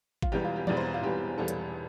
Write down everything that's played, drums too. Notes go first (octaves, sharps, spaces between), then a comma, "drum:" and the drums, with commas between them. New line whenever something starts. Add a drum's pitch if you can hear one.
F4, drum: kick G#1
E1 E2 E3 G3 G4
F4
G4
E1 E2 E3 G3 D5, drum: tom E3
C5
F4
E1 E2 E3 G3 G4
E1 E2 E3 G3 A4
drum: hi-hat